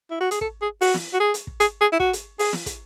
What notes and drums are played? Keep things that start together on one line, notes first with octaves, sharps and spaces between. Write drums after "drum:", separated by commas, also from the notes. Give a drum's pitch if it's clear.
E4
F#4
G#4, drum: hi-hat
A4, drum: kick
G#4
F#4, drum: open hi-hat
drum: snare
F#4
G#4
drum: hi-hat
drum: kick
G#4, drum: hi-hat
G#4
E4
F#4, drum: kick
drum: hi-hat
G#4, drum: open hi-hat
drum: snare
drum: kick, hi-hat